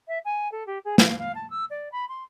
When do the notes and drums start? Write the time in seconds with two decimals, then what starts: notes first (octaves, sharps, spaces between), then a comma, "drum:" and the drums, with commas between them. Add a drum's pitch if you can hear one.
0.08 E5
0.24 G#5
0.51 A4
0.66 G4
0.84 G#4
0.98 F5, drum: snare
1.18 F5
1.35 A5
1.50 E6
1.70 D5
1.92 B5
2.08 C6